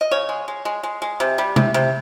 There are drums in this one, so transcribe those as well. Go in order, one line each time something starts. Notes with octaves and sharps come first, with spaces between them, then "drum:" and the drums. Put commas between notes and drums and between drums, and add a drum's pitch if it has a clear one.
D#5
C#3 C#5
G#3
G#3
G#3
G#3
G#3
C3
G3
C3, drum: tom C3
C3